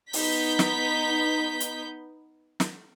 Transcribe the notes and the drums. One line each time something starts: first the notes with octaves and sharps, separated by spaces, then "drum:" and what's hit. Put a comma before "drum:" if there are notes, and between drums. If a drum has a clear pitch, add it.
B3 D#4 G6 B6, drum: open hi-hat
drum: snare
drum: hi-hat
drum: snare